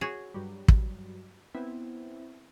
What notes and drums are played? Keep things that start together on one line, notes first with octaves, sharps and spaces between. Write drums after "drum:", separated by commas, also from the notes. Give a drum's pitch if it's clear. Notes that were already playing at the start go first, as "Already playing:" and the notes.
F#4 G#4 C#5
G2 F#3 G3
drum: kick
B3 C4 E4